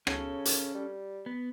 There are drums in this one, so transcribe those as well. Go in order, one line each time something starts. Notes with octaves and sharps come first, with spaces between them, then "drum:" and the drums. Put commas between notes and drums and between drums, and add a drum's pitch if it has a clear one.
C#3 C#4 A4, drum: rim click
drum: hi-hat
G3
B3